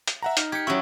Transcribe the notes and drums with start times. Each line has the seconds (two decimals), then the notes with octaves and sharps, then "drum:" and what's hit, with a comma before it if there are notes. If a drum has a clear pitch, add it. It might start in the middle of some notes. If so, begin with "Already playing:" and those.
0.07 drum: hi-hat
0.23 E5 F#5 A#5
0.37 D#4 F6, drum: hi-hat
0.52 G4 G#6 C#7
0.67 F#3 C#4 E4 G4 C#6